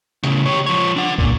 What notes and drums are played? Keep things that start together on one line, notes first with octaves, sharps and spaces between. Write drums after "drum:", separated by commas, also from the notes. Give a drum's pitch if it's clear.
A2 C#3, drum: hi-hat
G4 C#5
F3 C#5
D4 F#5
A#2, drum: kick